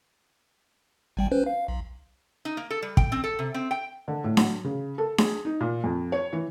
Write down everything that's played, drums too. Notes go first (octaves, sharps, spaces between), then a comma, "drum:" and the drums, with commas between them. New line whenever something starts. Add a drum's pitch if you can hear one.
G#1 G3 G5
C#4 B4 C5
F5
B1
D#4
A#3
A4
G3
G5, drum: kick
C4
A4
C3
C4
G5
D3
A2
F#3, drum: snare D4
C#3
A4
G#4, drum: snare D4
D#4
A#2
F2
C#5
E3